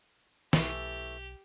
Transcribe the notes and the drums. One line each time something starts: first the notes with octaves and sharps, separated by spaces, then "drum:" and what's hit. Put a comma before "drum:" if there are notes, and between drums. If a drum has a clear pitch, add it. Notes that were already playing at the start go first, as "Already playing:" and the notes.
B1 E3 A3 G4, drum: snare